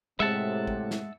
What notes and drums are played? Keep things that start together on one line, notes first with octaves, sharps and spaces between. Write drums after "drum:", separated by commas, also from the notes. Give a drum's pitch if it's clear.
A2 C3 G#3 E5 F#5 A5
drum: kick
drum: snare